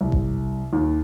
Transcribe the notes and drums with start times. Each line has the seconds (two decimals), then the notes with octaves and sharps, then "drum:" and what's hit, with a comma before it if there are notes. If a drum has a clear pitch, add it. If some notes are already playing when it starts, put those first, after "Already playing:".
0.01 C2
0.12 drum: kick G#1
0.73 D#2